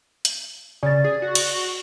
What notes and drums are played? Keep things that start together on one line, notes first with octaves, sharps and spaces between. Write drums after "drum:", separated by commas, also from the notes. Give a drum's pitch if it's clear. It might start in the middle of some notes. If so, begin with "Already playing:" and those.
drum: hi-hat
C#3 D5 A6
G#4
F#4
drum: cymbal